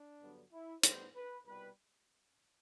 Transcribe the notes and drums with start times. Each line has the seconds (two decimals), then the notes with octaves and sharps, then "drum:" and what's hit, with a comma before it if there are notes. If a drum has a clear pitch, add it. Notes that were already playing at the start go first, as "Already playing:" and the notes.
Already playing: D4
0.21 G2 D3 F#3 B3
0.52 E4
0.83 A2 G3 B3 C5, drum: hi-hat
1.15 B4
1.46 C2 B2 G3 B4